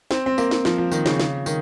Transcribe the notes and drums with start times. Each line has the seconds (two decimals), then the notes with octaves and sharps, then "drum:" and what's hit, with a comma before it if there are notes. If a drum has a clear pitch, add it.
0.11 C4, drum: snare
0.26 C4
0.38 A#3, drum: tambourine
0.51 drum: snare
0.65 F3, drum: snare
0.78 F3
0.92 D#3, drum: tambourine
1.06 C#3, drum: snare
1.20 C#3, drum: snare
1.46 D#3, drum: tambourine